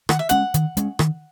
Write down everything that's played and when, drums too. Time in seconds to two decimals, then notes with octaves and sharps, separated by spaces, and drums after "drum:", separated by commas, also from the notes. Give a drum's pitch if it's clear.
0.09 D#3 F#5, drum: rim click
0.19 E5
0.29 G#3 C#4 F#5, drum: hi-hat
0.54 D#3, drum: hi-hat
0.77 G#3 C#4, drum: hi-hat
0.99 D#3, drum: rim click